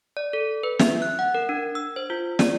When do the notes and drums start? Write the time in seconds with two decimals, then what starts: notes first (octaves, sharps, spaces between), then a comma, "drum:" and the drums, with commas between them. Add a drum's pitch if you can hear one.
0.17 D5
0.33 A4
0.63 B4
0.79 E5, drum: snare
1.02 F#6
1.19 F#5
1.35 A#4
1.49 D4
1.75 E6
1.96 C5
2.10 F4
2.39 D5, drum: snare